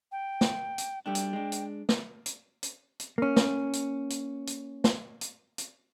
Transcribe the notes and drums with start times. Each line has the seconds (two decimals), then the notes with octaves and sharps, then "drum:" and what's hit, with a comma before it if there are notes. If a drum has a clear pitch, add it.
0.12 G5
0.41 drum: snare
0.78 drum: hi-hat
1.06 G3 A3 D4 G5
1.15 drum: hi-hat
1.33 G#3 D4
1.52 drum: hi-hat
1.89 drum: snare
2.26 drum: hi-hat
2.63 drum: hi-hat
3.00 drum: hi-hat
3.18 A#3 C#4
3.36 drum: snare
3.73 drum: hi-hat
4.10 drum: hi-hat
4.47 drum: hi-hat
4.84 drum: snare
5.21 drum: hi-hat
5.58 drum: hi-hat